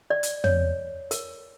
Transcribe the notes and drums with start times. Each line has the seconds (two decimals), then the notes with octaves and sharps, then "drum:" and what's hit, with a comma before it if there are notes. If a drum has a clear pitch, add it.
0.10 D5
0.23 drum: hi-hat
0.44 C#5, drum: tom
1.11 A#4, drum: hi-hat